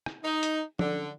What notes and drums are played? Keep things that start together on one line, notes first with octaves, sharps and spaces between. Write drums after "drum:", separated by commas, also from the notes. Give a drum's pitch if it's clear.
drum: rim click
D#4
drum: hi-hat
D3, drum: tom F3